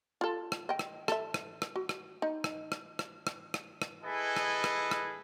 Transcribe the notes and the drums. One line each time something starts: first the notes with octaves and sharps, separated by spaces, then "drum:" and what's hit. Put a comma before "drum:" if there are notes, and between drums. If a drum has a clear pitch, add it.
F4 A4
drum: rim click
D#5 G5
drum: rim click
A4 E5, drum: rim click
drum: rim click
drum: rim click
F#4
drum: rim click
D#4
drum: rim click
drum: rim click
drum: rim click
drum: rim click
drum: rim click
drum: rim click
E4 G#4 A4 B4 D#5 G#5
drum: rim click
drum: rim click
drum: rim click